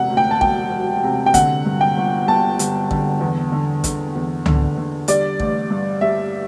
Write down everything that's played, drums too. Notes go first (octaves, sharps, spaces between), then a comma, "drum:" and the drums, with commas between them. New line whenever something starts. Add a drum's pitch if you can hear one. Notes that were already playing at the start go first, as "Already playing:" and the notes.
Already playing: E1 C3 F#5
D2
G5
A5
E1 G5, drum: kick A1
F#3
C3
G5
D3 F#5, drum: kick A1, hi-hat
G2
G5
G1
G1 A5
G1, drum: hi-hat
D3, drum: kick A1
E2
D3
D3, drum: kick A1, hi-hat
E2
D3, drum: tom C#2
D3
G3 D5, drum: hi-hat
A1, drum: kick A1
G2
G3 E5